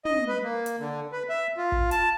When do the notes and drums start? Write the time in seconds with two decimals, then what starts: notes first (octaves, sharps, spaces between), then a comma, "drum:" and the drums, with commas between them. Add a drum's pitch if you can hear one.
0.05 D#5, drum: tom
0.28 B4
0.43 A#3
0.66 drum: hi-hat
0.79 D3
1.12 B4
1.30 E5
1.57 F4
1.72 drum: kick
1.91 A5, drum: hi-hat